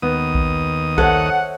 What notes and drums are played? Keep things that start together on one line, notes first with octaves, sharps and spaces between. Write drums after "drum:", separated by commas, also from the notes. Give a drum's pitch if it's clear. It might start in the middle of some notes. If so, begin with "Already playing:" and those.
D#2 B3 D#6
drum: kick A#1
A4 C5 C#5 E5 F#5, drum: kick A#1